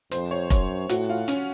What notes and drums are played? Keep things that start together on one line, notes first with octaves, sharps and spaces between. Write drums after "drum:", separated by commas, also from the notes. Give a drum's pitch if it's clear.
F2 C5, drum: hi-hat
C#5
F#2 C#5, drum: kick F1, hi-hat
A2 F#4, drum: hi-hat
F4
C#4, drum: hi-hat